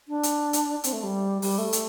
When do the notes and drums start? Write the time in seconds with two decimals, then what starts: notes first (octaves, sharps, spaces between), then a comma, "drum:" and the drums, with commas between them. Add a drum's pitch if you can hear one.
0.08 D4
0.23 drum: hi-hat
0.53 drum: hi-hat
0.84 C4, drum: hi-hat
0.93 A3
1.03 G3
1.42 G3, drum: open hi-hat
1.58 A3
1.73 drum: hi-hat